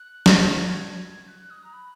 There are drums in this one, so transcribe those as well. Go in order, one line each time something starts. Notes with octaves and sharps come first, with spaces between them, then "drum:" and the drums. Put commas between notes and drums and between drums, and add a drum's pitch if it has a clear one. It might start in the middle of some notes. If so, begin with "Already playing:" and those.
Already playing: F#6
drum: snare
G#6
F#6
D#6
A#5
B5